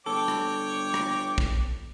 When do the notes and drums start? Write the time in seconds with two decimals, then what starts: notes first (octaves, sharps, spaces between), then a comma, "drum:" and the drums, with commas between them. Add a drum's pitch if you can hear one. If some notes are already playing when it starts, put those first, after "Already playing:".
0.06 G1 A4 C#5 G5 D6
0.28 drum: rim click
0.94 drum: rim click
1.38 drum: kick